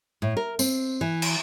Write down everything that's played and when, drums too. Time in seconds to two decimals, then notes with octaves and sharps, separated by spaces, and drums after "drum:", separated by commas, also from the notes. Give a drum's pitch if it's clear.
0.22 A2
0.37 A#4
0.59 C4, drum: tambourine
1.01 E3
1.22 drum: cymbal